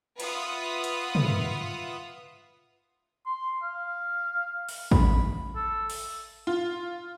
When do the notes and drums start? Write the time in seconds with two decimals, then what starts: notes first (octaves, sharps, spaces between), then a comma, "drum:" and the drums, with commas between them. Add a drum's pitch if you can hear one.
0.20 F4 B4 E5 F#5 D#6, drum: cymbal
0.84 drum: hi-hat
1.15 drum: tom
3.26 C6
3.63 F5
4.69 drum: open hi-hat
4.91 B5, drum: kick
5.56 A4
5.90 drum: open hi-hat
6.47 F4